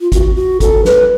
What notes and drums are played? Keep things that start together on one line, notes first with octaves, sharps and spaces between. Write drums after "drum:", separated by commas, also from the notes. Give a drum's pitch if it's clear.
F4
F#4, drum: kick G#1, hi-hat
F#4
A4, drum: kick G#1, hi-hat
B4, drum: snare